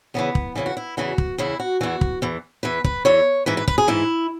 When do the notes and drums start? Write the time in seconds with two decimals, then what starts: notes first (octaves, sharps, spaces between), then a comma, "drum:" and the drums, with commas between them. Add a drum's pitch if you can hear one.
0.14 E2 C#3 E3 B3
0.35 drum: kick
0.56 E2 C#3 E3 E4
0.66 F#4
0.77 E4
0.97 E2 C#3 E3 F#4
1.18 drum: kick
1.38 E2 C#3 E3 E4
1.60 F#4
1.81 E2 E3 F#4
2.01 drum: kick
2.22 E2 E3
2.63 E2 E3 B4
2.84 B4, drum: kick
3.05 E2 E3 C#5
3.46 G#2 E3 B4
3.57 B4
3.68 B4, drum: kick
3.78 G#4
3.88 G#2 E3 E4